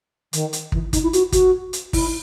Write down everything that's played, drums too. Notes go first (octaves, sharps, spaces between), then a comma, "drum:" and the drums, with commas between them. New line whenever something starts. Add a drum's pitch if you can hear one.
D#3, drum: hi-hat
drum: hi-hat
E3, drum: kick
D#4, drum: kick, hi-hat
E4
F#4, drum: hi-hat
F#4, drum: kick, hi-hat
drum: hi-hat
E4, drum: kick, open hi-hat